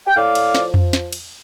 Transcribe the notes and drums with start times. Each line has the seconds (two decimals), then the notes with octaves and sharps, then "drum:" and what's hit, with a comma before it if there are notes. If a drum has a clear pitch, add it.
0.07 G5
0.16 A2 D5 F5
0.35 drum: cymbal
0.55 F3, drum: snare
0.74 drum: tom F2
0.93 drum: snare
1.13 drum: cymbal